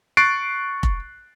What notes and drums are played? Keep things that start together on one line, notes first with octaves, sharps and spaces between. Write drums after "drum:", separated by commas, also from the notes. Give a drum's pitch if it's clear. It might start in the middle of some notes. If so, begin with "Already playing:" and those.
C#6 F#6 A6 C7 D7
drum: kick F1